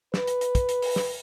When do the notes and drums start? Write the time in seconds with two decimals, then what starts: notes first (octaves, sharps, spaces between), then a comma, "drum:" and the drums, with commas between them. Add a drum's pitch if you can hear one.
0.14 B4, drum: snare
0.27 drum: hi-hat
0.41 drum: hi-hat
0.55 drum: kick, hi-hat
0.69 drum: hi-hat
0.82 drum: open hi-hat
0.96 drum: snare